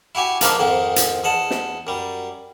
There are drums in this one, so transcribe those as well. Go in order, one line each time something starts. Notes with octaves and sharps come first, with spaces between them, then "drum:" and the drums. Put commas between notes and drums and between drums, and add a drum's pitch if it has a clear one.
E4 F#4 G4 G#5
F3 G3 A#3 D4 D#4 F4, drum: hi-hat
F2 G#2 D#3 C4
drum: hi-hat
E2 D#5 F#5 A5
drum: snare
F#2 G3